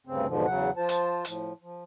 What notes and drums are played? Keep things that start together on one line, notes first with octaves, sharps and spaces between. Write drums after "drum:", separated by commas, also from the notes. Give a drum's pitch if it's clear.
D2 G2 C#3 C4
E2 G#2 B2 D3 F3
E2 C#3 F#3 F#5
F3 F4 C5 A5
drum: hi-hat
A2 F3, drum: hi-hat
F3